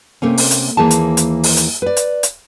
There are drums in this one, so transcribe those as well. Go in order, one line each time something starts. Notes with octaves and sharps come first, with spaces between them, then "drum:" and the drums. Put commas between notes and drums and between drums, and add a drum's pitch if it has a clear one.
C3 A3 A#3 C#4
drum: open hi-hat
drum: hi-hat
D#2 E3 A#3 G#4 A5
drum: hi-hat
drum: hi-hat
drum: open hi-hat
drum: hi-hat
B4 D5
drum: hi-hat
drum: hi-hat